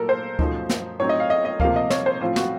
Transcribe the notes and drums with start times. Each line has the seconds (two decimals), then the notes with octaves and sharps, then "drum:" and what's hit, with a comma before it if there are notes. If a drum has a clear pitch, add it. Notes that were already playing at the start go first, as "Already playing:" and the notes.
Already playing: A#2 F#3 A#3 A4 A#4
0.09 C5
0.39 F#2 F3 A3 D#4, drum: kick D2
0.69 drum: snare
1.00 A2 F#3 C4 D#4 C#5
1.09 D#5
1.20 F5
1.30 D#5
1.45 D#5
1.60 C3 F3 A#3 F5, drum: kick D2
1.76 D#5
1.90 C#5, drum: snare
2.06 C5
2.21 A2 F3 C4 F4
2.36 F#4, drum: snare